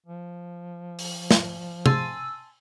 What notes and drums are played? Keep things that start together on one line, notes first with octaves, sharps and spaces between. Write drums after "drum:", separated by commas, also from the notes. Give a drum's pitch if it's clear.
F3
drum: open hi-hat
drum: snare
G#5 A5 C6 E6, drum: tom C3